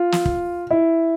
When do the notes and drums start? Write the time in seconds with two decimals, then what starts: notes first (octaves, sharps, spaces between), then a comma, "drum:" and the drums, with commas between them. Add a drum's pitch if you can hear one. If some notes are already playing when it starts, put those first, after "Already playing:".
Already playing: F4
0.12 drum: snare
0.25 drum: kick
0.71 E4